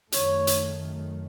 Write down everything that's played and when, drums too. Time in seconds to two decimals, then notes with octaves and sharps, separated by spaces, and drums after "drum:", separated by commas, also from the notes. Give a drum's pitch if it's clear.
0.12 F#2 D#3 A3 C#5, drum: hi-hat
0.47 drum: hi-hat